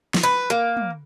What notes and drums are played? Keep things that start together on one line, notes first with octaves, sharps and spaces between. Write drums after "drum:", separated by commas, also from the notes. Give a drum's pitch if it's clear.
drum: snare
B4
A#3, drum: rim click
drum: tom